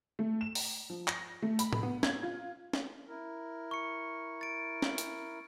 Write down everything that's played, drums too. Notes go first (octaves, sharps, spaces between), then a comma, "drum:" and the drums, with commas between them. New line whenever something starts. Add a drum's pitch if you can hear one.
A3
E7
drum: open hi-hat
F3
A#6, drum: clap
A3
B5, drum: hi-hat
drum: tom A2
B3
G#6, drum: snare
F4
drum: snare
E4 A#4
C#6 C#7
A6 D7
drum: snare
drum: hi-hat